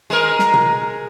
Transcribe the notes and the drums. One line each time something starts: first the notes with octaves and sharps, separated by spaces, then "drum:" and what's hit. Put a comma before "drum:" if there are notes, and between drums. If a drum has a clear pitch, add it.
G#3 A#4
drum: snare
drum: tom B2